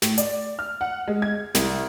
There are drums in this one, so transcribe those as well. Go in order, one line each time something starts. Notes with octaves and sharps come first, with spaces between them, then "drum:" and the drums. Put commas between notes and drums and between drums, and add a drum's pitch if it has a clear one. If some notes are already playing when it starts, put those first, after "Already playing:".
A2, drum: snare
D5, drum: hi-hat
F6
F#5
G#3
G#6
C2, drum: snare